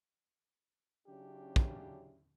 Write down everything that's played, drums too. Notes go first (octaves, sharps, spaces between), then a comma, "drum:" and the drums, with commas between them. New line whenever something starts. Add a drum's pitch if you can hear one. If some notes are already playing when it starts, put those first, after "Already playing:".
C#3 F#3 C#4 D4 E4 G4
drum: kick